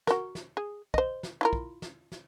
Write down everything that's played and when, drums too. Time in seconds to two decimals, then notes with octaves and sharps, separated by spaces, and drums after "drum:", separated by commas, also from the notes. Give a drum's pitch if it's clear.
0.07 F#4 A#4, drum: snare
0.35 drum: snare
0.57 G#4
0.94 C5 D#5, drum: kick
1.23 drum: snare
1.41 E4 F4 A#4
1.53 drum: kick
1.82 drum: snare
2.12 drum: snare